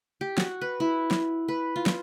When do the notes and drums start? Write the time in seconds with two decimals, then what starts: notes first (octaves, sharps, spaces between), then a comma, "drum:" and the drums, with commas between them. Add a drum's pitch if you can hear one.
0.21 G4
0.38 F#4, drum: snare
0.61 B4
0.80 E4
1.11 drum: snare
1.48 B4
1.76 F4
1.86 drum: snare